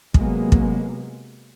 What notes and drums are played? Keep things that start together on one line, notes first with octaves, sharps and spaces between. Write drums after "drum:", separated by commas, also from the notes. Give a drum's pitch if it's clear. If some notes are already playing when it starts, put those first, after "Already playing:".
C3 F#3 G#3 A#3 B3, drum: kick
drum: kick